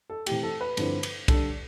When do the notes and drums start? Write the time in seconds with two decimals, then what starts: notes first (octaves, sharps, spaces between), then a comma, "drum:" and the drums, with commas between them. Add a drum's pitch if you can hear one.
0.10 A4
0.26 C3 E3 A3 G4, drum: cymbal
0.43 A4
0.61 B4
0.77 G2 D3 F3 C4 E4, drum: cymbal
1.03 drum: cymbal
1.28 D3 G3 D4 A4, drum: kick, cymbal